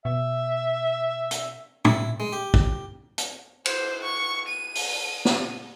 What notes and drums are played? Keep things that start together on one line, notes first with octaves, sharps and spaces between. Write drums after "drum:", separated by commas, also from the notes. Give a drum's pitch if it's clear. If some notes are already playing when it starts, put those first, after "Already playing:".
B2 E5
drum: hi-hat
E4, drum: tom
G#3
G4
drum: kick
drum: hi-hat
C5, drum: cymbal
C#6
D#7
drum: open hi-hat
drum: snare